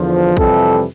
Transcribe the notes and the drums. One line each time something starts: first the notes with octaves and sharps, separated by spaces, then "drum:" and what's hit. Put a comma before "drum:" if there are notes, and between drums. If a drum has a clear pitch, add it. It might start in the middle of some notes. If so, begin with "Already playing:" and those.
Already playing: E2 D3 F3
F2 C3 E3 G3 A4, drum: kick